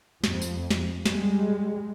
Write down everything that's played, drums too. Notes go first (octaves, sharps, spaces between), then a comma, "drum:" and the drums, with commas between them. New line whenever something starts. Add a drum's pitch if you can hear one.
F2, drum: snare
drum: tambourine
drum: snare
G3 G#3, drum: snare